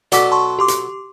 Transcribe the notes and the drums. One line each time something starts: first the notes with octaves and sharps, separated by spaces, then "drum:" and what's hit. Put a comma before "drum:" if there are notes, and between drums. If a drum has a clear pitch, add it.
B2 F#3 A4 D5 D6 B6, drum: hi-hat
A5 C6 C#6
G4 C6 D6
drum: hi-hat